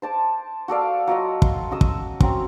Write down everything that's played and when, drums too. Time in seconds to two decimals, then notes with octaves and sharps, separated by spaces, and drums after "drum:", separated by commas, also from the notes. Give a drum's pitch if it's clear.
0.02 C5 A5 D6
0.68 F#4 A4 D5 F5
1.07 F#3 F4 F#4 D#5
1.42 C6, drum: kick
1.71 C#4 F#4 D#6 E6
1.81 drum: kick
2.20 F#3 C4 C#4, drum: kick